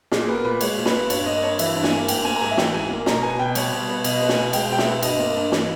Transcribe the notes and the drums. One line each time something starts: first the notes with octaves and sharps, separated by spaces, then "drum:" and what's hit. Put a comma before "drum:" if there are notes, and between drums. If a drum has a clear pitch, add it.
A#2 G#4, drum: snare
B3 A#4
A#2 B4
G#3 C#5, drum: cymbal
A#2
B4, drum: snare
B3
G2 C#5, drum: cymbal
A#3 D#5
G2 C#5
E3 E5, drum: cymbal
G2
G#5, drum: snare
A#3
G#2 G5, drum: cymbal
A#3 G#5
A#5
G#2 G#5
E5
E3 G5, drum: snare
G#2 G#5
A#3
B2 A#5, drum: snare
B3 G#5
B2 G5
G3 C#5, drum: cymbal
B2
B3
B2 D#5, drum: cymbal
B3
G#5, drum: snare
B2
G#3 G5, drum: cymbal
B2 G5
E5, drum: snare
B3
G2 D#5, drum: cymbal
A#3
G2
E3, drum: snare